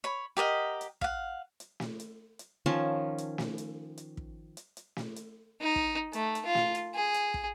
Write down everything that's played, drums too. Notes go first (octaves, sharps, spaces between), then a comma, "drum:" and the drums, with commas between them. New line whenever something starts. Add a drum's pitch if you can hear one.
C#5 B5
G4 A#4 D#5 F#5
drum: hi-hat
F5 F#5, drum: kick
drum: hi-hat
drum: snare
drum: hi-hat
drum: hi-hat
D#3 F3 C#4 A5
drum: hi-hat
drum: snare
drum: hi-hat
drum: hi-hat
drum: kick
drum: hi-hat
drum: hi-hat
drum: snare
drum: hi-hat
D#4
drum: kick
A3, drum: hi-hat
drum: hi-hat
F4
drum: snare
drum: hi-hat
G#4
drum: hi-hat
drum: kick